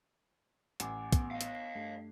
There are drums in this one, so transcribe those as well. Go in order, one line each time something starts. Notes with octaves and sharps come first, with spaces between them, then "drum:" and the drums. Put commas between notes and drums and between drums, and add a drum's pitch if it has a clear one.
A1 F#5 G#5 D6, drum: hi-hat
B3, drum: kick, hi-hat
D#5 F5
drum: hi-hat
C7
G2 A3